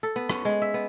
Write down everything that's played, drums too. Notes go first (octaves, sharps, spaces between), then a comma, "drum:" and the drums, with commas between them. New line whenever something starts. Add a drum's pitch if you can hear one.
A4
B3
C#4, drum: rim click
G#3
E5
B3